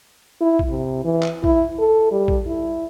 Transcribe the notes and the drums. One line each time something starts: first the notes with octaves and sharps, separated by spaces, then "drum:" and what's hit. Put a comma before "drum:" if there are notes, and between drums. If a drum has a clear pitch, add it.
E4
drum: kick
C3
E3
drum: clap
E4, drum: kick
A4
G3
drum: kick
E4